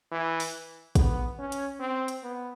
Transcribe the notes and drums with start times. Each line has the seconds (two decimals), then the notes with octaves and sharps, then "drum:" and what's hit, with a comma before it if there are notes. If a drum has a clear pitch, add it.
0.12 E3
0.40 drum: open hi-hat
0.95 B3, drum: kick, hi-hat
1.39 C#4
1.52 drum: hi-hat
1.80 C4
2.08 drum: hi-hat
2.23 B3